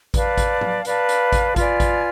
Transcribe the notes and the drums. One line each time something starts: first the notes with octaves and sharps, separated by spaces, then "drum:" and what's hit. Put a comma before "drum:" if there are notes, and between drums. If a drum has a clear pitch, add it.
B4 D5 F5 A5, drum: kick A1, hi-hat
drum: kick A1, hi-hat
drum: tom
B4 D5 F5 A5, drum: hi-hat
drum: hi-hat
drum: kick A1, hi-hat
F4 B4 D5 G#5, drum: kick A1, hi-hat
drum: kick A1, hi-hat